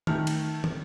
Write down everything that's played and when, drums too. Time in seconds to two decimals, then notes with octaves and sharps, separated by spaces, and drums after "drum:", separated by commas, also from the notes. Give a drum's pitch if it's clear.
0.07 D#3 A3 F6, drum: tom
0.27 drum: cymbal
0.64 drum: tom